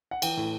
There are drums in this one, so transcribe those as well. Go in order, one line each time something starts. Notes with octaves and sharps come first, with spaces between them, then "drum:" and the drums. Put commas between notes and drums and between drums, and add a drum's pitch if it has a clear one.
F#5
E3 G5, drum: cymbal
A2